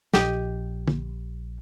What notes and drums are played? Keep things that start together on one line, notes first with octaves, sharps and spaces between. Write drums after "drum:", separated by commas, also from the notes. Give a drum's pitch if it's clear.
A#1 G4 D#5, drum: snare
drum: tom